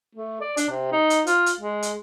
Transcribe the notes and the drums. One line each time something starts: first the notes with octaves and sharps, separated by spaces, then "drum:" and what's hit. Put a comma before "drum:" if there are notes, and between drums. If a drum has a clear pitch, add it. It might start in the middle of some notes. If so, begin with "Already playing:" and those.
A3
D5
D4, drum: hi-hat
C3
D#4
drum: hi-hat
F4, drum: hi-hat
drum: hi-hat
G#3
drum: hi-hat